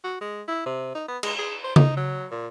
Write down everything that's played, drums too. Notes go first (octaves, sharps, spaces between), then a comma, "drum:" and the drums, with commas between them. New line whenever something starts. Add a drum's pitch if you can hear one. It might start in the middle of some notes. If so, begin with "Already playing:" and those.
F#4
G#3
E4
C3
D#4
B3
G#3, drum: cymbal
G#4
C5
D#4, drum: tom C#3
F#3
A#2